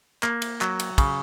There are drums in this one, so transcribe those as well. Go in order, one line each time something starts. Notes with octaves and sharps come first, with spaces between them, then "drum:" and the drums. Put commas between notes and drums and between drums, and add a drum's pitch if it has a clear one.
A#3, drum: clap
drum: cymbal
F#3, drum: clap
drum: cymbal
C#3, drum: kick, cymbal